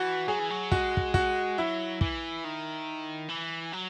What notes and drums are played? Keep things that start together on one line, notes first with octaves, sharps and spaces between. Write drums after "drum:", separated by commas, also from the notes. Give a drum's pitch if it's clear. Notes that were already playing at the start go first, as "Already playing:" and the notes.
Already playing: E3 F#4
F#3 G#4
E3
F#3
G#3 F#4, drum: kick
drum: kick
F#4, drum: kick
F#3 E4
E3, drum: kick
D#3
E3
F#3